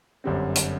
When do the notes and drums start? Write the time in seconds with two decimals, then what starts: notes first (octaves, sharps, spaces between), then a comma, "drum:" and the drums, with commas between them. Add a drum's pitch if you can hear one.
0.24 G1 F#2 D3 G3 C4
0.55 drum: hi-hat